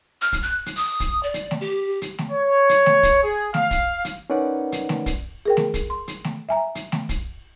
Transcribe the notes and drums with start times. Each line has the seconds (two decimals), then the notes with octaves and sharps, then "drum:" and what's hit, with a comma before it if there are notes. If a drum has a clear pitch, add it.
0.22 F6
0.32 drum: kick, hi-hat
0.42 F#6
0.66 drum: hi-hat
0.76 D#6
1.00 drum: kick, hi-hat
1.23 D5
1.34 drum: hi-hat
1.51 drum: snare A3
1.61 G4
2.02 drum: hi-hat
2.18 drum: snare A3
2.31 C#5
2.69 drum: hi-hat
2.86 drum: snare A3
3.03 drum: kick, hi-hat
3.22 G#4
3.54 F5, drum: snare A3
3.71 drum: kick, hi-hat
4.05 drum: hi-hat
4.30 C#4 D#4 A#4 B4 D5 F#5
4.72 drum: hi-hat
4.89 drum: snare A3
5.06 drum: kick, hi-hat
5.46 G#4 A#4 G5
5.57 drum: snare A3
5.74 drum: kick, hi-hat
5.90 C6
6.08 drum: hi-hat
6.24 drum: snare A3
6.49 E5 G#5 A#5
6.75 drum: hi-hat
6.92 drum: snare A3
7.09 drum: kick, hi-hat